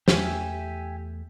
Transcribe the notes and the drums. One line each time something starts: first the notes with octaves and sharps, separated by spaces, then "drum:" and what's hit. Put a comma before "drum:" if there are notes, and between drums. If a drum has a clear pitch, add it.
E2 A3 G4 E5 G#5, drum: snare